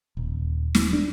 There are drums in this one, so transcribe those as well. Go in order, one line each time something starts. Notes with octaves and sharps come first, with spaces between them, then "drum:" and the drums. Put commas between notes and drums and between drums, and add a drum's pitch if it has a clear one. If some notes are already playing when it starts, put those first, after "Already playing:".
D#1
drum: snare
D4